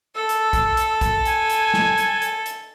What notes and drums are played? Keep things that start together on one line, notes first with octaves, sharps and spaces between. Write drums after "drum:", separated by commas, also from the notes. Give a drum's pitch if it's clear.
A4 E6
drum: hi-hat
drum: kick, hi-hat
drum: hi-hat
drum: kick, hi-hat
G#5, drum: hi-hat
drum: hi-hat
drum: snare
drum: hi-hat
drum: hi-hat
drum: hi-hat